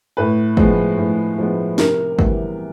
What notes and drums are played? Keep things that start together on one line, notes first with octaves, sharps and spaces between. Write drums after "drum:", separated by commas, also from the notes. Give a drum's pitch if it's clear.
A2 B4
F3 G#3 B3, drum: kick
A2
F3 G#3 B3
C3 A#4, drum: snare
E3 G3 B3, drum: kick